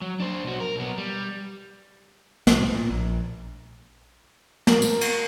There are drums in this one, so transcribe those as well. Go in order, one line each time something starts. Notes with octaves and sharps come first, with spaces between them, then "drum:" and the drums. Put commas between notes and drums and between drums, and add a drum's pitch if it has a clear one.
F#3
D4 C5
B1 F#4
A#4
B1 B3
G3
C2, drum: snare
A#2
A#1
A#4, drum: snare
drum: tambourine
drum: cymbal